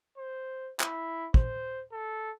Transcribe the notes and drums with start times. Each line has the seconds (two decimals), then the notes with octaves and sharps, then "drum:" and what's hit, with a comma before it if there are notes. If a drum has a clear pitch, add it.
0.17 C5
0.80 E4, drum: clap
1.34 C5, drum: kick
1.92 A4